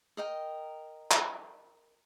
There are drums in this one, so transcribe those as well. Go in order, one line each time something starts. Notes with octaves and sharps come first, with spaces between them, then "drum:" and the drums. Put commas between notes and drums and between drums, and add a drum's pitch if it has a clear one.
A#4 D#5 G5
drum: clap